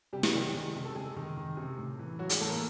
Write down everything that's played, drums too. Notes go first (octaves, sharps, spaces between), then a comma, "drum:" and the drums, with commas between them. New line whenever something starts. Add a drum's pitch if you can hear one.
C3 G3 G4
F#3 F#4, drum: snare
G#4
D#3 G3 G4
G4
D#3 G#3 G#4
C3
A4
C3 G#3 G#4
D#3
D#3
C3
A2
E3
E3 F#3 F#4
G#3 G#4, drum: hi-hat
A2 A3 A4
A#3 A#4